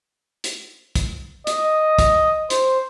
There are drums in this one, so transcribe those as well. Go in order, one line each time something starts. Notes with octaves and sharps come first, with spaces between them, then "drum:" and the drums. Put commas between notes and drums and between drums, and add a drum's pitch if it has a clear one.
drum: hi-hat
drum: kick, hi-hat
D#5, drum: hi-hat
drum: kick, hi-hat
C5, drum: hi-hat